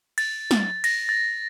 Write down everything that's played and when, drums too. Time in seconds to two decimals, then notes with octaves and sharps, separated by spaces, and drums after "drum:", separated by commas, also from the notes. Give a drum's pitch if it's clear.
0.18 A6, drum: cymbal
0.51 drum: snare
0.84 A#6, drum: cymbal
1.09 A6